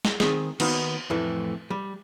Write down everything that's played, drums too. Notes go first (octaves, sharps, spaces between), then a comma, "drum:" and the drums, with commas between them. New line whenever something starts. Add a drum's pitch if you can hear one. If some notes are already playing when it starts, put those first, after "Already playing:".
drum: snare
D#3 C4 G#4, drum: snare
D#3 A#3 B3 D#4 F#4, drum: cymbal
F2 A2 E3 A3
G3